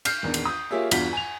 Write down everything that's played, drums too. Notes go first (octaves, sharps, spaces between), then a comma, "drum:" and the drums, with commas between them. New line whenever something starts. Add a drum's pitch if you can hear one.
F6 G6 C7, drum: cymbal
A#1 E2 D#3
drum: cymbal
D#6 G6
A#3 F4 G4 G#4 C#5 E5
E2 G2 F4 F#4 B6 G7, drum: cymbal
G#5 F7